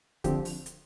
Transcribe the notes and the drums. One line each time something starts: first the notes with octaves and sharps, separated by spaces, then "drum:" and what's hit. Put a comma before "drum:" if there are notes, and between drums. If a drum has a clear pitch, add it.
D3 F3 C4 G4, drum: kick C#1, hi-hat
drum: open hi-hat
drum: hi-hat